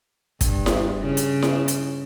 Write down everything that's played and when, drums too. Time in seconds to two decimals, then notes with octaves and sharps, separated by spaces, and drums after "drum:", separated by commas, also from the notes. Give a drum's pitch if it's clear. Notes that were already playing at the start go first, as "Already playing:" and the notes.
0.41 G2, drum: kick, hi-hat
0.66 drum: snare E4
1.01 C#3
1.17 drum: hi-hat
1.42 drum: snare E4
1.68 drum: hi-hat